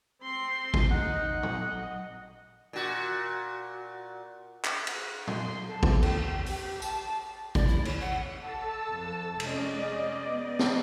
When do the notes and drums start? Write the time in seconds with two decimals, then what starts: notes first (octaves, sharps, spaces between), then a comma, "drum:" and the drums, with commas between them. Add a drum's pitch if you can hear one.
0.22 C4 C6
0.74 drum: kick G#1
0.91 D#4 F#5
1.31 D#5
1.43 drum: tom A#2
2.73 A#2 F#4
4.65 drum: clap
4.87 F#5, drum: cymbal
5.27 C6, drum: tom A#2
5.68 A4
5.83 drum: kick G#1
6.03 G5, drum: cymbal
6.46 G4, drum: open hi-hat
6.82 A5, drum: tambourine
7.55 D5, drum: kick G#1
7.68 E4
7.85 C#5, drum: cymbal
8.01 F#5
8.39 A4 A5 E6
8.90 F2
9.40 F1 G#3 C#4 D5 D#5, drum: cymbal
10.23 B3
10.59 drum: snare